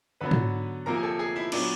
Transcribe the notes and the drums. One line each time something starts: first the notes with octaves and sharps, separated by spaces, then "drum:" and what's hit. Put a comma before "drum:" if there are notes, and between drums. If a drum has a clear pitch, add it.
D3 F#3 B3 B4 B5
drum: tom
C3 F3 A#3 A#4 A#5
G#5
A4 A5
G#4 G#5
E4 E5
A#2 F#3 B3 D4 D5, drum: cymbal